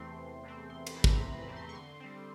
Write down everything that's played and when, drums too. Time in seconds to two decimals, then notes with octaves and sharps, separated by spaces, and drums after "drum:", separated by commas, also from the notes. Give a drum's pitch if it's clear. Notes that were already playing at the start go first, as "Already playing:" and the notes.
Already playing: E2 C3 E3 A3 C4 C6
0.17 E2
0.43 C3 E3 A3 C4
0.70 E2 C6
0.87 B5, drum: cymbal
0.95 C3 E3 A3 C4
1.04 A#5, drum: kick
1.22 E2 B5
1.40 B5
1.48 C3 E3 A3 C4
1.56 C6
1.69 C#6
1.74 D3 C6
2.00 G3 C4